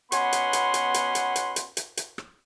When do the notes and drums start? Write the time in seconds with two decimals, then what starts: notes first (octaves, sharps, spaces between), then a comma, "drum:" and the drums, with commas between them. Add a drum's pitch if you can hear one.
0.12 B2 B3 C#4 F#5 B5 C6, drum: hi-hat
0.33 drum: hi-hat
0.53 drum: hi-hat
0.74 drum: hi-hat
0.94 drum: hi-hat
1.15 drum: hi-hat
1.36 drum: hi-hat
1.56 drum: hi-hat
1.77 drum: hi-hat
1.97 drum: hi-hat
2.18 drum: rim click